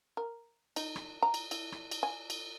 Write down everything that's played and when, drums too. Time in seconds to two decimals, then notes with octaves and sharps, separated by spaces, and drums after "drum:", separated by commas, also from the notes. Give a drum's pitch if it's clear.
0.17 A#4
0.76 D#4, drum: cymbal
0.96 drum: rim click
1.22 A#5
1.34 drum: cymbal
1.51 E4, drum: cymbal
1.72 drum: rim click
1.91 drum: cymbal
2.03 G#5
2.30 drum: cymbal